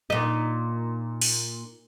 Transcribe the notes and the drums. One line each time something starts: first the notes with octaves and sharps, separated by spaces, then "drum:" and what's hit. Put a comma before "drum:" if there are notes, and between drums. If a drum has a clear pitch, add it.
A#2 D#4
drum: open hi-hat